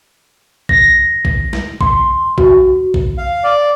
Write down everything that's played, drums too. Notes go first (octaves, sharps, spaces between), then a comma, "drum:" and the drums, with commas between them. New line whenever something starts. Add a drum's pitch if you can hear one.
A#6, drum: kick A#1
drum: kick A#1
drum: snare
C6, drum: kick A#1
F#4, drum: kick A#1
drum: kick A#1
F5
D5